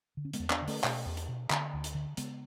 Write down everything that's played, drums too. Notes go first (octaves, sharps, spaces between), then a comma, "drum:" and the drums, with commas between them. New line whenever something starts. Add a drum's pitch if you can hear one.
D3
C#4
G#3 B3, drum: hi-hat
E2
B3 D4, drum: clap
D3
A3 C#4, drum: open hi-hat
B2, drum: clap
E2
drum: hi-hat
B2
D3, drum: clap
D2
drum: hi-hat
D3
C#3 G#3 B3, drum: hi-hat